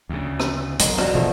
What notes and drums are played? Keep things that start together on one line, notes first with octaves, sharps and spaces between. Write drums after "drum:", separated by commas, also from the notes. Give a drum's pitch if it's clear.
D2 C#3
drum: rim click
E1 B1 G#3, drum: hi-hat
B2 D4 D#5, drum: rim click
E1 B2 D3 F3 A3